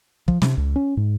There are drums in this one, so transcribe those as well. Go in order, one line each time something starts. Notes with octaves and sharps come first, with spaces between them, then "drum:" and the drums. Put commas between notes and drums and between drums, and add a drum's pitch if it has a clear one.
F3, drum: kick
C3, drum: snare
C#2
C#4
G#2